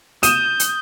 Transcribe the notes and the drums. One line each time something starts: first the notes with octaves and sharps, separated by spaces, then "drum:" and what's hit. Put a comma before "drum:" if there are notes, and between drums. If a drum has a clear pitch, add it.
D#6 G6 D#7 E7, drum: hi-hat
drum: hi-hat